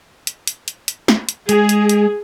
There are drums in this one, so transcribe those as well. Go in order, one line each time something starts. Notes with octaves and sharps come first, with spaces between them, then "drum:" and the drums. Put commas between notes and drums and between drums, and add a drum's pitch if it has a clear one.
drum: hi-hat
drum: hi-hat
drum: hi-hat
drum: hi-hat
drum: snare
drum: hi-hat
G#3 G#4, drum: hi-hat
drum: hi-hat
drum: hi-hat